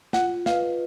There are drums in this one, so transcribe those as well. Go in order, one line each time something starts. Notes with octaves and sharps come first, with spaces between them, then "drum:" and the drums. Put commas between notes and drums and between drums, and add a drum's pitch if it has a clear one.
F4 F#5, drum: snare
B4 D#5 F5, drum: snare